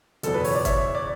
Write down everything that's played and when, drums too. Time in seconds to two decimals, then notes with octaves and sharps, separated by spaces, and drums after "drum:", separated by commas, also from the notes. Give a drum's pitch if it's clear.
0.23 F#1 E2 B2 A4, drum: hi-hat
0.34 B4
0.44 C#5, drum: open hi-hat
0.55 D5
0.65 C#5 E5, drum: kick, hi-hat
0.95 D5